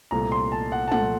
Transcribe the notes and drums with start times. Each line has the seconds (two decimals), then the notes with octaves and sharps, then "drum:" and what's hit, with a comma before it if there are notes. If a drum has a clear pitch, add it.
0.11 C2 A#2 A3 A#5
0.32 C6
0.52 A5
0.72 F#5
0.88 A5
0.92 A#2 A3 F#5, drum: tom